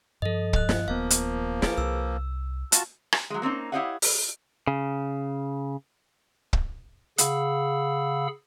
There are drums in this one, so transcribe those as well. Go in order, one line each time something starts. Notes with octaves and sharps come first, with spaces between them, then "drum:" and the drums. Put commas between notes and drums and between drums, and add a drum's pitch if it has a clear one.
G2 F3 A4 D#5
D#5 F#6, drum: kick
drum: snare
D#1 F3 A#3 B3 F5
drum: hi-hat
G#4 B4, drum: snare
C2 E6
F4 F#4 A5, drum: hi-hat
drum: rim click
F#3 G#3
A#3 C4 C#4 D#4
E4 G4 C#5 D#5 F5 F#5
drum: open hi-hat
C#3
drum: kick
C#3 G#4 F5 F#5 B5 E6, drum: hi-hat